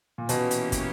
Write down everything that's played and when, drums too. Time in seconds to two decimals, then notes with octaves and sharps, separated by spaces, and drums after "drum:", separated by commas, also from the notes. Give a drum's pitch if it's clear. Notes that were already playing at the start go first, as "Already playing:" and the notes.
0.18 A#2
0.29 B2 E3 A#3 C#4 G4 B4, drum: hi-hat
0.51 drum: hi-hat
0.72 drum: kick, hi-hat